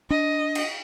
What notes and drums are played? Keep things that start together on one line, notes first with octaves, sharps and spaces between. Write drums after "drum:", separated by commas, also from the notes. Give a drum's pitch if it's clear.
D4 D#5
drum: cymbal